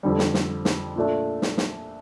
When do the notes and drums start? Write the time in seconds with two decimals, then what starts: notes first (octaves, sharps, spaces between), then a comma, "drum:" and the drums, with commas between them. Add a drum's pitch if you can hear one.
0.03 F2 D3 G3
0.19 drum: snare
0.34 drum: snare
0.65 drum: snare
0.96 A#2 A3 D4
1.42 drum: snare
1.58 drum: snare